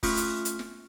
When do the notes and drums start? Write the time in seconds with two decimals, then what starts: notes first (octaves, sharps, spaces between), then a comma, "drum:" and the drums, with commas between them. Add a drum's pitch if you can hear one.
0.03 A3 C#4 F4 C#6 F6 C#7, drum: kick, open hi-hat
0.17 drum: hi-hat
0.45 drum: hi-hat
0.59 drum: snare